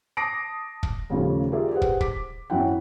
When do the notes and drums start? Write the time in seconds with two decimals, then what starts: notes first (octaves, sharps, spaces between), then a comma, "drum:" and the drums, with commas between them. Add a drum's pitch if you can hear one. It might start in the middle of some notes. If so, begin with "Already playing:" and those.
0.17 A5 D6 D#6 A#6 C7 D7
0.83 drum: kick
1.10 A1 D#2 C#3 F3 G3 A3
1.52 F4 G4 G#4 A#4 D5 E5
1.71 G4 G#4 B4 C5 F#5
1.82 drum: kick
2.01 D6 B6, drum: kick
2.50 G#1 F#2 F#3 E4 F#5 G5